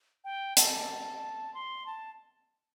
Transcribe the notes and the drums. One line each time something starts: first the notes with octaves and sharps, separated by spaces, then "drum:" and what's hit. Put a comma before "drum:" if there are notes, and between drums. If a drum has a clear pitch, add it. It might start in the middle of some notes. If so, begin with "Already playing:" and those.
G5
A5, drum: hi-hat
C6
A5